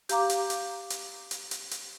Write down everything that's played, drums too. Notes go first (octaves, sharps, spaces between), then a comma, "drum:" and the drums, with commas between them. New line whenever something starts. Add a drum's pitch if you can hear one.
G4 F5 A#5 D6, drum: hi-hat
drum: hi-hat
drum: hi-hat
drum: hi-hat
drum: hi-hat
drum: hi-hat
drum: hi-hat